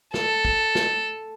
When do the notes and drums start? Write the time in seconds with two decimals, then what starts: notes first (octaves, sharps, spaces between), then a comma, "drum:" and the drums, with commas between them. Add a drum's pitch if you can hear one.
0.14 A4, drum: snare
0.45 drum: kick
0.75 drum: snare